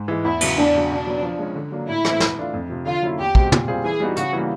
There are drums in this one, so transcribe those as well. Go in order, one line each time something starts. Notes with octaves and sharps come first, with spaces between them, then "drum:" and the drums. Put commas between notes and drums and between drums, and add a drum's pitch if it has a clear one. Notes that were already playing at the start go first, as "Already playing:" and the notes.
Already playing: G#2
E3 G#3
E2 E4
C#3 F#3 B3, drum: cymbal
E2 D4
C#3 F#3
B2 D4
F#3 B3
F3
G#3 C#4
D3
F#3 A#3 D4
A2 E4
E3 A3 C4, drum: rim click
E3, drum: snare
A3 D4 F4
F2
C3 F3
D3 F4
F#3 A#3 C#4 E4
E2 G4
B2 G#3 C4, drum: kick
A#2, drum: tom
G3 C4 F4 G#4
E3 G#4
G3 B3 D#4 F#4
C#3 F#4, drum: hi-hat
E3 G3 A#3